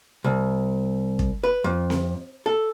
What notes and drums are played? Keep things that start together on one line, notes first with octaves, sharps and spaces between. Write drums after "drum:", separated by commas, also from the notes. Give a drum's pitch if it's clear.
C2
drum: kick
B4
F2
drum: snare C4
A4